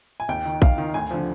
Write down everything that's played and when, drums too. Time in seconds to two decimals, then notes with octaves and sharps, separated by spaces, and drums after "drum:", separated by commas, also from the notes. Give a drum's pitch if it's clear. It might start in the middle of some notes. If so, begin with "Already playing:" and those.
0.20 G#5
0.29 D#2 G5
0.45 D#3
0.62 D#2 F5, drum: kick A#1
0.78 D#3
0.94 D2 G#5
1.11 D3 F3